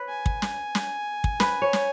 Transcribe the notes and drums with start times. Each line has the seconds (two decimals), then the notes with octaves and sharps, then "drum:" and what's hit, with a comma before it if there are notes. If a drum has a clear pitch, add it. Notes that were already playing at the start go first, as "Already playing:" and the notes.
Already playing: B4 C#5
0.09 G#5
0.26 drum: kick
0.42 drum: snare
0.75 drum: snare
1.24 drum: kick
1.40 B4, drum: snare
1.62 C#5
1.73 drum: snare